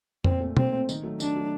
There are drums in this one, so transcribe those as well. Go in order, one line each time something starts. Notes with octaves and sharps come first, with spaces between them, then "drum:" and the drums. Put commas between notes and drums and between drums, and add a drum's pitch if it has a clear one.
A#2 C4, drum: tom F2
A3 C4
A#2 C4, drum: tom
A3
C4
D#3, drum: tambourine
F#3 A3
D#3 D4, drum: tambourine
F#3 A3